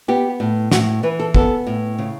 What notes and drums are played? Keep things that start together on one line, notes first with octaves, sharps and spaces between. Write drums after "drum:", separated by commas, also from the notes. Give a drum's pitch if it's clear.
B3 G4
A2
A2 F#4, drum: snare
E3 B4
A4
B3 A4, drum: kick
A2
C#3